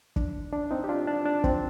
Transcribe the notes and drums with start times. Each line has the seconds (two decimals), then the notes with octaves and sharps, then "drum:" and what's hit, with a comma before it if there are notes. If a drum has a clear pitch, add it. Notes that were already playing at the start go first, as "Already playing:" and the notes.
0.16 D4, drum: kick
0.52 D4
0.71 C4 D#4
0.84 G4
0.89 D4 F4
1.07 D4
1.26 D4
1.44 C4, drum: kick